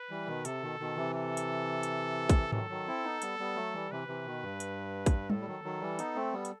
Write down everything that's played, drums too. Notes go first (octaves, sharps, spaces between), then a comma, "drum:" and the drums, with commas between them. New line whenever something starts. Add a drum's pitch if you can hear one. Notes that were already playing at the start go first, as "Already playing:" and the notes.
Already playing: B4
E3 G3
B2 D#3
C3 A4, drum: hi-hat
B2 D#3
B2 D#3
C3 E3
A4
drum: hi-hat
drum: hi-hat
drum: kick, hi-hat
D#3 F#3 A4, drum: tom G#2
D#3 F#3
C4 E4
B3 D#4
G3 B3, drum: hi-hat
G3 B3
F#3 A3
E3 G3
C3 E3 B4
C3 E3
B2 D#3
G2
drum: hi-hat
drum: kick, hi-hat
A2 A4, drum: tom G3
G3
D#3 F#3
D#3 F#3
E3 G3
B3 D#4, drum: hi-hat
A3 C4
G3 B3
drum: hi-hat